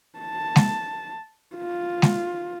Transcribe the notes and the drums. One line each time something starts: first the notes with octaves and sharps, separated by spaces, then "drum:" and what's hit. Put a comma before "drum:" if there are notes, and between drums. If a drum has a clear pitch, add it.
A5
drum: snare G#3
F4
drum: snare G#3